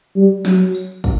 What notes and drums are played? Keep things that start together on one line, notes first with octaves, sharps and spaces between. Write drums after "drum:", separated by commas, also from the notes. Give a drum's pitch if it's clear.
G3
F#3, drum: snare
drum: tambourine
drum: kick, tambourine